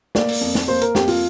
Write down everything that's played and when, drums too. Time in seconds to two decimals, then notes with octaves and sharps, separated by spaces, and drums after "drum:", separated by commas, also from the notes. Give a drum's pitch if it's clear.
0.15 A#3 D5, drum: snare
0.29 drum: open hi-hat
0.41 F2
0.55 drum: snare
0.68 A#3 C5
0.82 A#4, drum: hi-hat
0.95 F2 G4, drum: snare
1.08 F4, drum: open hi-hat